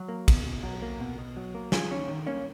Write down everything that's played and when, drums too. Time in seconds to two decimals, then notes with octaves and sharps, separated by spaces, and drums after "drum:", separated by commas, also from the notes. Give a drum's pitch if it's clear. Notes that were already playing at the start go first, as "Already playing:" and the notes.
Already playing: F#3
0.09 A#3
0.28 B2, drum: kick, cymbal
0.46 B2
0.63 F#3
0.82 A#3
1.00 B2
1.18 B2
1.37 F#3
1.55 A#3
1.72 D#2 F4 G#4, drum: snare
1.91 D#2 C#4
2.08 D#3
2.26 A#3 C#4